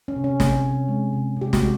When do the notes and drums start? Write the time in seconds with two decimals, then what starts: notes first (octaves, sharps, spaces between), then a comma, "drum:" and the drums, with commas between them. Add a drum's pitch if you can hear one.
0.08 C#4
0.16 C3
0.24 C#4
0.40 C3, drum: snare
0.64 C3
0.89 G#3
1.13 C3
1.37 C3 G4
1.53 F#4, drum: snare
1.61 G#3